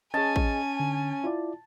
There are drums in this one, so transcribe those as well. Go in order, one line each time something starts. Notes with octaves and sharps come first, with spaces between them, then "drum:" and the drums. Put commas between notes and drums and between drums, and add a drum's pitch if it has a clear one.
C#4 G#4 D#5 G#5 A5
drum: kick
D3
E4 F4 D5